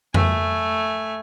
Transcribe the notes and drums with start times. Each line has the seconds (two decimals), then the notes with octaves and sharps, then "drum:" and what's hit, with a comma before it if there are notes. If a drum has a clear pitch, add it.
0.14 A3 G#5, drum: tom F2